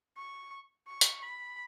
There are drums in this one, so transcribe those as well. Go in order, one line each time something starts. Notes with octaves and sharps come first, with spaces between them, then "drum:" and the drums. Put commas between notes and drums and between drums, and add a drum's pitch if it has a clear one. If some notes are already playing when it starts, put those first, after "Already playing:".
C#6
C#6
drum: hi-hat
B5